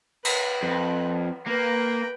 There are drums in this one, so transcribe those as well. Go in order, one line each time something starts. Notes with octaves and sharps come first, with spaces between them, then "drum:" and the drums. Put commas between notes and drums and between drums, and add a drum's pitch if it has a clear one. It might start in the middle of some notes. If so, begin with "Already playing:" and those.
B4, drum: cymbal
F2
A#3 B4 G5